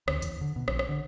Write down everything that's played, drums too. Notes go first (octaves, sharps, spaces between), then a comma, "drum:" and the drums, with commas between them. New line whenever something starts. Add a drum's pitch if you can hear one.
D2, drum: rim click
E2, drum: hi-hat
D3
B2
A#1, drum: rim click
drum: rim click
D3